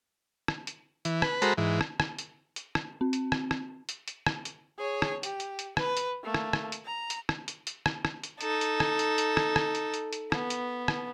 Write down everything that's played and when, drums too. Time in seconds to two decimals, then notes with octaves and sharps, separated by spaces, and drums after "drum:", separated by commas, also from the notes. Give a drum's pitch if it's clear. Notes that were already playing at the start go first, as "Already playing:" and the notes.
0.48 drum: rim click
0.67 drum: hi-hat
1.05 E3, drum: hi-hat
1.22 B4, drum: rim click
1.42 G#3 F#4 A4 A#4 C5 B5, drum: hi-hat
1.58 G#2 E3
1.81 drum: rim click
2.00 drum: rim click
2.19 drum: hi-hat
2.56 drum: hi-hat
2.75 drum: rim click
3.01 C4
3.13 drum: hi-hat
3.32 drum: rim click
3.51 drum: rim click
3.89 drum: hi-hat
4.08 drum: hi-hat
4.26 drum: rim click
4.45 drum: hi-hat
4.78 G#4 C#5
5.02 drum: rim click
5.23 G4, drum: hi-hat
5.40 drum: hi-hat
5.59 drum: hi-hat
5.77 B4, drum: rim click
5.97 drum: hi-hat
6.24 A3 A#3
6.34 drum: rim click
6.53 drum: rim click
6.72 drum: hi-hat
6.85 A#5
7.10 drum: hi-hat
7.29 drum: rim click
7.48 drum: hi-hat
7.67 drum: hi-hat
7.86 drum: rim click
8.05 drum: rim click
8.24 drum: hi-hat
8.41 D#4 A4, drum: hi-hat
8.61 drum: hi-hat
8.80 drum: rim click
8.99 drum: hi-hat
9.18 drum: hi-hat
9.37 drum: rim click
9.56 drum: rim click
9.75 drum: hi-hat
9.94 drum: hi-hat
10.13 drum: hi-hat
10.32 B3, drum: rim click
10.50 drum: hi-hat
10.88 drum: rim click